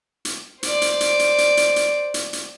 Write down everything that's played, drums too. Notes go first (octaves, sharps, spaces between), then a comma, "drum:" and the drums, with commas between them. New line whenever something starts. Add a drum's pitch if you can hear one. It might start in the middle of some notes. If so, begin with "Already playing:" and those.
drum: hi-hat
C5 D5, drum: hi-hat
drum: hi-hat
drum: hi-hat
drum: hi-hat
drum: hi-hat
drum: hi-hat
drum: hi-hat
drum: hi-hat
drum: hi-hat